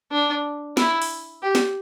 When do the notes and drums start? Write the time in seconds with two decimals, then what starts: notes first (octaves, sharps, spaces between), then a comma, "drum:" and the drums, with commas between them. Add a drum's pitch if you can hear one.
0.12 D4
0.77 E4, drum: snare
1.02 drum: open hi-hat
1.42 G4
1.55 drum: snare